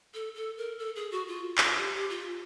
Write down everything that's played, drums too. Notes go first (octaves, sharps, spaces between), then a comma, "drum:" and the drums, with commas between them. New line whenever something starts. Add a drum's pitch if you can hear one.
A4
A4
A#4
A4
G#4
F#4
F4
drum: clap
G4
G4
F4